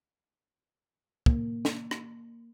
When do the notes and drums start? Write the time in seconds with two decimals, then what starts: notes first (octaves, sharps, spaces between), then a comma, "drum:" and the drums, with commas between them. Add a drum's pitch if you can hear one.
1.26 A#3, drum: kick
1.65 drum: snare
1.91 drum: rim click